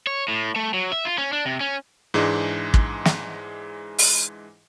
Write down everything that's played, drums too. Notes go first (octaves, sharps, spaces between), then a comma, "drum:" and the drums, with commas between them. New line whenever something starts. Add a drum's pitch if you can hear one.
C#5
A2
A3
F#3
E5
F4
C#4
D4
C3
C#4
G#2 E3 G#3 D4
drum: kick
drum: snare
drum: open hi-hat